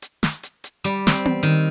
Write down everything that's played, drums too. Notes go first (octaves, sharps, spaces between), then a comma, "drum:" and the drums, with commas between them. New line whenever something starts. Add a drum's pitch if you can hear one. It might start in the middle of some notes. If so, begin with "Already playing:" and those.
drum: hi-hat
drum: snare
drum: hi-hat
drum: hi-hat
G3, drum: hi-hat
C4, drum: snare
drum: tom B3
D#3